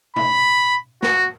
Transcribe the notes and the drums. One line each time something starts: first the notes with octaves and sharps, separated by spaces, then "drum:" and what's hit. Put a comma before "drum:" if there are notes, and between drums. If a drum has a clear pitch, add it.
B5, drum: tom
F#4, drum: snare